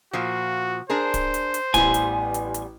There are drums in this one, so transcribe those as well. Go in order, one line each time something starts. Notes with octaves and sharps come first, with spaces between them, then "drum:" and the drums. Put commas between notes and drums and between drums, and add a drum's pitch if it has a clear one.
A#2 F3 F#4
D4 G#4 A#4 C5
drum: kick D1, hi-hat
drum: hi-hat
drum: hi-hat
A1 E3 G3 B3 G#5 C6, drum: kick D1, hi-hat
drum: hi-hat
drum: hi-hat
drum: hi-hat